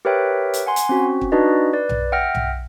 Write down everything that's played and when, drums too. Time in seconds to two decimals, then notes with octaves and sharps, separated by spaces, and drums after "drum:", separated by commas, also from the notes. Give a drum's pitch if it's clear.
0.05 G4 A#4 B4 C#5 E5 G5
0.54 drum: hi-hat
0.66 F#5 G#5 C6
0.76 drum: hi-hat
0.89 C4 C#4 F#4
1.21 drum: kick
1.32 D4 D#4 F#4 B4 D5 D#5
1.73 B4 D5
1.89 drum: tom B1
2.12 E5 F#5 G5 F6 A#6
2.35 drum: tom B1